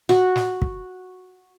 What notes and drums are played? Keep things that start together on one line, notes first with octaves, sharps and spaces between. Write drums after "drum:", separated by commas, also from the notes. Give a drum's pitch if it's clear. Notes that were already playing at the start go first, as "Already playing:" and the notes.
F#4, drum: snare
drum: snare
drum: kick